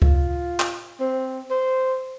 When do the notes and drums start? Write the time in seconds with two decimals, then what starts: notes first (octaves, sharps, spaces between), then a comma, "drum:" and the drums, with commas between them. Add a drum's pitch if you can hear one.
0.02 F4, drum: kick C#2
0.60 drum: clap
1.00 C4
1.50 C5